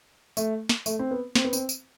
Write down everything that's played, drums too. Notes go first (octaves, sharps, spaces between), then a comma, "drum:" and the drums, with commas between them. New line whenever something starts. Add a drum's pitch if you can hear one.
A3, drum: tambourine
drum: snare
A3, drum: tambourine
C4
B3
C4, drum: snare
B3
C4, drum: tambourine
drum: tambourine